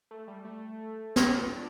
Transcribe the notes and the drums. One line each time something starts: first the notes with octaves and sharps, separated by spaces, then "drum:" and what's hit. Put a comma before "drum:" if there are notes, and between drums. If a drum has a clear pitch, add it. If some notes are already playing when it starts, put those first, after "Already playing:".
A3
G3
A3
A4, drum: snare
G4
F4
D4